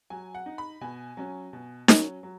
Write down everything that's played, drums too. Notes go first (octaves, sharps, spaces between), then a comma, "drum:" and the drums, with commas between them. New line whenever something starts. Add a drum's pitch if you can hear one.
F#3 G#5
F#5
D#4
B5
B2 G#5
F#3 C#4
B2
F#3 C#4, drum: snare D#4
F#3